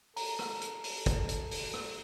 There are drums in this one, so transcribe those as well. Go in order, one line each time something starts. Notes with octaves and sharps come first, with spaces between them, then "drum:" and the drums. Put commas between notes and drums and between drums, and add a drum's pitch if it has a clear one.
A4 A#5, drum: open hi-hat
drum: rim click
drum: hi-hat
drum: open hi-hat
drum: kick, hi-hat
drum: hi-hat
drum: open hi-hat
drum: rim click